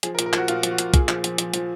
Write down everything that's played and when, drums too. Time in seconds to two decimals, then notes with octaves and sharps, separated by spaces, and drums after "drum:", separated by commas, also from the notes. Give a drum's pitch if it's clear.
0.03 F3 G#4, drum: hi-hat
0.15 A#4
0.19 A#2, drum: hi-hat
0.26 A#4
0.33 F3 F#4, drum: clap
0.48 A#2 F4, drum: hi-hat
0.63 F3, drum: hi-hat
0.71 F#4
0.78 A#2, drum: hi-hat
0.94 A#2 G#4, drum: kick, hi-hat
1.09 F3, drum: clap
1.24 F3, drum: hi-hat
1.38 F3, drum: hi-hat
1.54 F3, drum: hi-hat